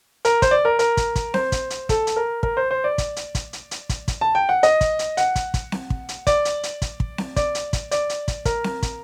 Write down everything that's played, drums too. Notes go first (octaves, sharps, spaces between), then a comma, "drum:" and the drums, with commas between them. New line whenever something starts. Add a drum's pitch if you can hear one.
A#4, drum: hi-hat
C5, drum: kick, hi-hat
D5
A#4
A#4, drum: hi-hat
drum: kick, hi-hat
drum: kick, hi-hat
C5, drum: snare C4
drum: kick, hi-hat
drum: hi-hat
A4, drum: kick, hi-hat
drum: hi-hat
A#4
A#4, drum: kick
C5
C5
D5
drum: kick, hi-hat
drum: hi-hat
drum: kick, hi-hat
drum: hi-hat
drum: hi-hat
drum: kick, hi-hat
drum: kick, hi-hat
A5
G5
F#5
D#5, drum: hi-hat
drum: kick, hi-hat
drum: hi-hat
F#5, drum: hi-hat
drum: kick, hi-hat
drum: kick, hi-hat
drum: snare C4
drum: kick
drum: hi-hat
D5, drum: kick, hi-hat
drum: hi-hat
drum: hi-hat
drum: kick, hi-hat
drum: kick
drum: snare C4
D5, drum: kick, hi-hat
drum: hi-hat
drum: kick, hi-hat
D5, drum: hi-hat
drum: hi-hat
drum: kick, hi-hat
A#4, drum: kick, hi-hat
drum: snare C4
drum: kick, hi-hat